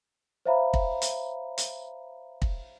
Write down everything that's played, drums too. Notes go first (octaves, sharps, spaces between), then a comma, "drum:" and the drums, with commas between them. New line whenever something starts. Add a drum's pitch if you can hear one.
C5 C#5 E5 F5 A#5 B5
drum: kick
drum: hi-hat
drum: hi-hat
drum: kick